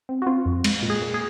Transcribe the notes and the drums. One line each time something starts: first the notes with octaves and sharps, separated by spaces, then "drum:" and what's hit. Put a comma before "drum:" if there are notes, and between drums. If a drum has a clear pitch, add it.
C4
F#4
C4 F4
F2
G#3, drum: cymbal
A#2
G#4
A#2
G#4